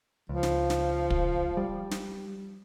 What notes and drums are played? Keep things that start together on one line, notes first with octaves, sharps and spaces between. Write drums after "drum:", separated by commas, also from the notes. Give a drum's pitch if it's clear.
C#2 F3
drum: snare
drum: snare
drum: kick
G3
drum: snare